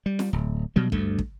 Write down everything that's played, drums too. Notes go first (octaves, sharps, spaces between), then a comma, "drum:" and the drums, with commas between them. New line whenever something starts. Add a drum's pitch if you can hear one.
G3
drum: snare
D1
B2 F#3 G3
D2 G2 A3, drum: kick
drum: kick